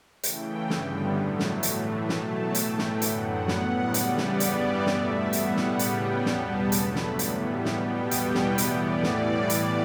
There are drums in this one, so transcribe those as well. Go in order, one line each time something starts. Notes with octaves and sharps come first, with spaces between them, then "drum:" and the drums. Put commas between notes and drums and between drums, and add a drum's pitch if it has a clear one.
C#3 E3 A3 G5, drum: hi-hat
G2 D3 G3 B3, drum: snare
A2 F#3 A3
drum: snare
A2 E3 A3, drum: hi-hat
B2 F#3 A3 A5, drum: snare
A2 E3 A3 G5, drum: hi-hat
drum: snare
F#2 D3 F#3 B3 F#5, drum: hi-hat
A2 G3 B3, drum: snare
E2 C#3 G3 B3 D5, drum: hi-hat
drum: snare
G2 E3 G3 B3 D5, drum: hi-hat
B2 A3 E5, drum: snare
A2 G3 B3 F#5, drum: hi-hat
drum: snare
C#3 G3 B3 G5, drum: hi-hat
E2 B2 G3 B3 A5, drum: snare
G2 D3 F#3 A3 B5, drum: hi-hat
drum: snare
A2 E3 G3 B3, drum: hi-hat
B2 G3 B3 G5, drum: snare
E2 B2 G3 B3, drum: hi-hat
drum: snare
A2 E3 B3 D5, drum: hi-hat
A2 E3 G3, drum: snare
A2 E3 B3 D5, drum: hi-hat